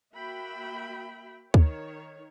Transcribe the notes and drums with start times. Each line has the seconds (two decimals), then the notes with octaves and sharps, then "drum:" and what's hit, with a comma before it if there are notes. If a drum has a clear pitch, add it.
0.16 A#3 F#4 E5 G5 B5
1.54 D#3 C#5, drum: kick D2